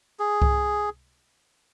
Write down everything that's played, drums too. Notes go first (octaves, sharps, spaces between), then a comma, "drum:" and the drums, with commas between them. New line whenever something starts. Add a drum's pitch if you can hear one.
G#4
drum: kick C2